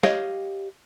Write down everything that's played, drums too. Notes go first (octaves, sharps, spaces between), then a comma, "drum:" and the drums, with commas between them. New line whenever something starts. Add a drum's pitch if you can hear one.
G4 C#5 D#5 F5, drum: snare